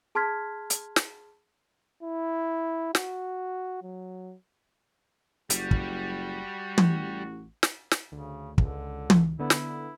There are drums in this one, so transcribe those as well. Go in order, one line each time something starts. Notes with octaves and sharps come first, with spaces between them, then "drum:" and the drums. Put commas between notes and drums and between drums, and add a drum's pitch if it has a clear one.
G#4 A5 C6 F6 G#6 B6
drum: hi-hat
drum: snare
E4
F#4, drum: snare
F#3
F#1 G3 F#4, drum: hi-hat
drum: kick
A1, drum: tom
drum: snare
drum: snare
D2 C#3
C#2 D3, drum: kick
drum: tom
D3 B3 E4
drum: snare